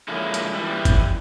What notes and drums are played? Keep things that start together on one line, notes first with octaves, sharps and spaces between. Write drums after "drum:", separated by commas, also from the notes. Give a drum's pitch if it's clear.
D3 F3 G#3 A#3 C#4 E4
drum: hi-hat
E3 G3
drum: kick G1, hi-hat